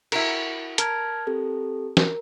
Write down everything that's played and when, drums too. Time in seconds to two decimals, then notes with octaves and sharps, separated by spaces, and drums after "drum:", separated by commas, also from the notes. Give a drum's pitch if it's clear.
0.12 E4 F#4 A#4, drum: cymbal
0.78 A#4 A5 F6 G#6, drum: hi-hat
1.27 C4 G4 A4
1.97 A#4, drum: snare